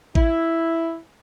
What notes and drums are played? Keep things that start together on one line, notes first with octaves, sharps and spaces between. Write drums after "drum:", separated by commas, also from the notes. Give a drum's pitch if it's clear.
E4, drum: kick A1